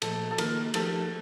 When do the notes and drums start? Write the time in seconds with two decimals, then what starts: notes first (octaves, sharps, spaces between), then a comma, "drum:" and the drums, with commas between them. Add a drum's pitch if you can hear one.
0.02 A#2 F3 A3 A4, drum: cymbal
0.31 A4
0.38 D#3 A#3 F4 A#4, drum: cymbal
0.74 F3 A3 D#4 G4 A4, drum: cymbal